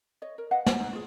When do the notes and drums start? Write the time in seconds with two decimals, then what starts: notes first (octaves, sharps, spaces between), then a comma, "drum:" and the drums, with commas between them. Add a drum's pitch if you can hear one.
0.22 C#5 D#5
0.38 A#4
0.51 B4 D#5 F5 F#5
0.66 G#5, drum: snare
0.80 D#4 B4
0.93 F4 G#4